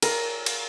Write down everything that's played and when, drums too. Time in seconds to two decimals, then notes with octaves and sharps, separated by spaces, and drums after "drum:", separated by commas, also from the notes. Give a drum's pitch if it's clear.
0.02 A#4, drum: cymbal
0.46 drum: cymbal